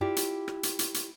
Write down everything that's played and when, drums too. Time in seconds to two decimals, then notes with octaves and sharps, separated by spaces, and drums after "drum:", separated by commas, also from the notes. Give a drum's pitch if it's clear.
0.01 E4 F4 G4 D5 E5
0.16 drum: hi-hat
0.48 drum: rim click
0.63 drum: hi-hat
0.79 drum: hi-hat
0.94 drum: hi-hat